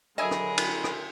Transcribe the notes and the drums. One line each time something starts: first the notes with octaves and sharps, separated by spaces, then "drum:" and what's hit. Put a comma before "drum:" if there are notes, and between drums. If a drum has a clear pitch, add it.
D3 F#3 G#4 A#4 D#5 E5 G#5 B5
drum: rim click
drum: cymbal
drum: rim click